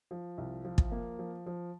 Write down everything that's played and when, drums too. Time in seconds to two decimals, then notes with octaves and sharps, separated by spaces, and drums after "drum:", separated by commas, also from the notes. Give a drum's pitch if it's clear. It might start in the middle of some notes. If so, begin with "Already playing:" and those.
0.11 F3
0.38 C2
0.65 F3
0.78 drum: kick
0.92 A#3
1.19 F3
1.46 F3